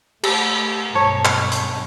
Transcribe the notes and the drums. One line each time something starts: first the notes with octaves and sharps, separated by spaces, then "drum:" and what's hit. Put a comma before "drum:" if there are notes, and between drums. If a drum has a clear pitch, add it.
A3 G4 E6, drum: cymbal
B1 G2 C#5 A5
drum: clap
drum: hi-hat